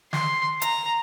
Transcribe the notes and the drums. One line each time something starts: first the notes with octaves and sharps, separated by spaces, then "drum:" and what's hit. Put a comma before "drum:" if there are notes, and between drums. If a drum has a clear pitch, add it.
C6, drum: snare
A#5, drum: hi-hat